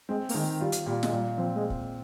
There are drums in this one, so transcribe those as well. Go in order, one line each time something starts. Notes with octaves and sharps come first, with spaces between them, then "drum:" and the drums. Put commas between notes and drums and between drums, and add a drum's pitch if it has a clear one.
G#3 C4
A#3, drum: open hi-hat
D#3 G#3
G3 F4
drum: hi-hat
A#2 G3
G#3, drum: snare
A#2 G3
F3 C4
G#3
drum: kick